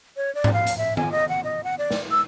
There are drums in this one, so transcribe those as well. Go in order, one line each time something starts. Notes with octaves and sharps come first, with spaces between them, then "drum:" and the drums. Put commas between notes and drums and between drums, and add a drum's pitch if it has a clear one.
C#5
D5
drum: tom G#2
F5
drum: hi-hat
E5
G#5, drum: tom
D#5
F#5
D#5
F#5
D5
drum: snare
E6